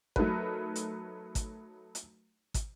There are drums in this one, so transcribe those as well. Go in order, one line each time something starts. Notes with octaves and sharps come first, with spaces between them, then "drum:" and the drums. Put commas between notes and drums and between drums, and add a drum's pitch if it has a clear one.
F#3 A3 D#4 A#4 B4, drum: kick
drum: hi-hat
drum: kick, hi-hat
drum: hi-hat
drum: kick, hi-hat